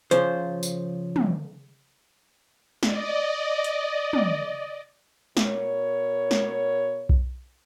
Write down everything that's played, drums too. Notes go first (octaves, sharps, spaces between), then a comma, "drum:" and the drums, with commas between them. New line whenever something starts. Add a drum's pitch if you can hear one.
C#3 F3 C5, drum: hi-hat
drum: tambourine
drum: tom
D5 D#5, drum: snare
drum: hi-hat
drum: tom
B2 A#4 C#5, drum: snare
drum: snare
drum: kick B1